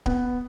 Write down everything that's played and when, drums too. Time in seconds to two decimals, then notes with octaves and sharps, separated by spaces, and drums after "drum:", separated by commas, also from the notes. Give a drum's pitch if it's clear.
0.06 B3, drum: kick D1